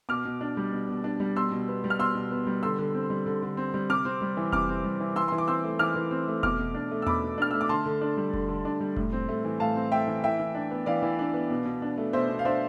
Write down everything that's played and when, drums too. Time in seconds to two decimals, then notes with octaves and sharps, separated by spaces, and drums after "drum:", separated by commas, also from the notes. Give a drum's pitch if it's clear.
0.09 B2 D6 F6
0.25 B2
0.41 D4
0.57 G3
0.73 B2
0.89 B2
1.04 D4
1.20 G3
1.36 B2 C6 E6
1.52 B2
1.68 B3
1.84 G3
1.90 F6
1.99 B2 C6 E6
2.15 B2
2.31 B3
2.47 G3
2.63 D3 C6 E6
2.79 D3
2.94 C4
3.10 G3
3.26 D3
3.42 D3
3.57 C4
3.74 G3
3.90 C3 D6 F6
4.05 C4
4.21 G3
4.37 E3
4.52 C3 D6 F6, drum: kick F1
4.69 C4
4.84 G3
5.00 E3
5.16 E3 C6 E6
5.28 E3 C6
5.38 D6
5.48 C4 C6 E6
5.64 A3
5.79 E3 D6 F6
5.96 E3
6.11 C4
6.28 A3
6.43 B2 D6 F6, drum: kick F1
6.59 B2
6.74 D4
6.91 A3
7.02 E6
7.06 B2 B5 D6, drum: tom E2
7.22 B2
7.38 D4 F6
7.51 A3 E6
7.61 D6
7.69 D3 A5 C6
7.85 D3
8.01 D4
8.17 G3
8.33 D3, drum: kick F1
8.49 D3
8.65 D4
8.81 G3
8.96 A2, drum: kick F1
9.13 C4
9.28 A3
9.45 E3
9.60 A2 F5 A5
9.76 C4
9.92 A3 E5 G5
10.08 E3
10.24 E3 E5 G5
10.40 E3
10.55 D4
10.71 B3
10.86 E3 D5 F5
11.02 E3
11.19 D4
11.34 B3
11.50 B2
11.65 B2
11.82 D4
11.97 A3
12.13 B2 C5 E5
12.29 B2
12.39 F5
12.45 D4 C5 E5